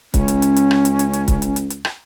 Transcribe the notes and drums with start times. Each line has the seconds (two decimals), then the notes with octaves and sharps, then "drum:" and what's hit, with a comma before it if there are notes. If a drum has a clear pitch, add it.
0.14 C#2 C#4, drum: kick, hi-hat
0.28 drum: hi-hat
0.42 drum: hi-hat
0.56 drum: hi-hat
0.71 drum: rim click
0.85 drum: hi-hat
0.99 drum: hi-hat
1.13 drum: hi-hat
1.28 drum: kick, hi-hat
1.42 drum: hi-hat
1.56 drum: hi-hat
1.70 drum: hi-hat
1.85 drum: rim click